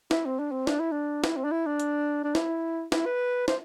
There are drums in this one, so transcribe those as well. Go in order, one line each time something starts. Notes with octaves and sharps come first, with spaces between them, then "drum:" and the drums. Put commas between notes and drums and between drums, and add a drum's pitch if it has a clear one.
E4, drum: snare
C4
D4
C4
D4, drum: snare
E4
D4
E4, drum: snare
C4
D4
E4
D4
drum: hi-hat
D4
E4, drum: snare
E4, drum: snare
B4
C5, drum: snare